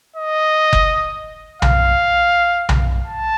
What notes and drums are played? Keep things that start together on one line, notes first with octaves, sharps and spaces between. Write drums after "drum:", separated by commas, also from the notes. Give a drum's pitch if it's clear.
D#5
drum: kick F#1
F5, drum: tom B1
drum: tom B1
A5